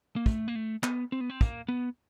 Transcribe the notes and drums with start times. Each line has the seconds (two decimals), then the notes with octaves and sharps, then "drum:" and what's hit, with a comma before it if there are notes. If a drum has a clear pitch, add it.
0.16 A#3
0.26 A3, drum: kick
0.48 A#3
0.55 A3
0.84 B3, drum: clap
1.12 C4
1.21 B3
1.30 C4
1.41 A#3, drum: kick
1.68 B3